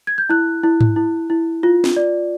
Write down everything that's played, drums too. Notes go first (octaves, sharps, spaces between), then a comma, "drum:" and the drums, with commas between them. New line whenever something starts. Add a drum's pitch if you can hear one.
G#6
G6
E4 F#6
E4
drum: tom G#2
E4
E4
F4
drum: snare
D5